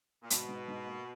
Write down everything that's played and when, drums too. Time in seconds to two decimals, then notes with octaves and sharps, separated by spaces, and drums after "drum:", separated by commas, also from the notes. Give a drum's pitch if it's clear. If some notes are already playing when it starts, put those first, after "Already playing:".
0.22 A#2
0.30 G#1 B2, drum: hi-hat
0.49 G#2
0.68 G#2
0.87 A#3